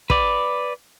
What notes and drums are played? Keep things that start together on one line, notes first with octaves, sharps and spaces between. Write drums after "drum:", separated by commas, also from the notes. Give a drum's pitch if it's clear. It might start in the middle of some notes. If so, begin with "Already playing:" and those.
B4 D5, drum: kick